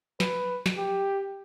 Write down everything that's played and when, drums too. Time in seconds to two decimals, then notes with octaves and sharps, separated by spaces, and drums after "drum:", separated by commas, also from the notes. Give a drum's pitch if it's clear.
0.20 B4, drum: snare
0.66 drum: snare
0.77 G4